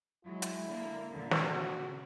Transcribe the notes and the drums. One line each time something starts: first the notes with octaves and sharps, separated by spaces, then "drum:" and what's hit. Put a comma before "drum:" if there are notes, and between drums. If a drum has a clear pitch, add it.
F#3 G#3 E4
drum: hi-hat
D3 A#3
A#2 D3
drum: snare
F#4
C#3